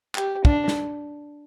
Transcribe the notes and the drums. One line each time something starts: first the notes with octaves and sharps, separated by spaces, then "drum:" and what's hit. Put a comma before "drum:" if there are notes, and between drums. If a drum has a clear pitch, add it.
G4, drum: clap
D4, drum: kick
drum: snare